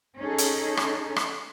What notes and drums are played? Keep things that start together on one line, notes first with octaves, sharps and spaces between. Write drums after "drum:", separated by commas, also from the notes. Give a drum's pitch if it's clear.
C#4 D#4 G#4 A4
drum: hi-hat
drum: rim click
drum: rim click